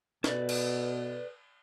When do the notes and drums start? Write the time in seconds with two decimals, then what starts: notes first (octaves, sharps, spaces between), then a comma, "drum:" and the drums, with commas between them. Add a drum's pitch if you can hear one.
0.24 B2 A4 B4 D5, drum: snare
0.49 drum: cymbal